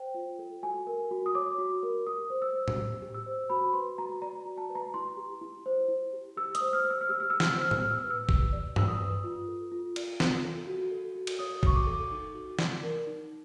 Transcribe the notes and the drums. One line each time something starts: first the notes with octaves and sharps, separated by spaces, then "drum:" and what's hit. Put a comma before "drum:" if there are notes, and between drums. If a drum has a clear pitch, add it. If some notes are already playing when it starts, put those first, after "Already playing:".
Already playing: C5 G5
F4
A4
F#4 G#5
A#4
F#4
D#6
C#5 D6
F#4
A#4
G4 D#6
C5
E6
C5
drum: tom A2
G4
G4
E6
C5
F#4 B5
B4 C6
F#4 A#5
D5 A#5
F#4
A5
B4
A#5
E4 C6
G4
E4
C5
E4
G4
G4 E6
D#6, drum: hi-hat
C5
F6
C5
E6
F6
G4 E6
F6
G4 E6
F6, drum: snare
E6
C5
F6
E6, drum: tom A2
G4 F6
E6
B4 F6
E6
G4, drum: kick
D5
G4 E6, drum: tom G2
D#6
B4
F4
A4
F4
D5, drum: cymbal
F4, drum: snare
A4
F#4
A4
F#4
drum: cymbal
C#5 D#6
F#4 C#6, drum: kick
D6
A4
D#4
F#4
D5, drum: snare
A#4
D#4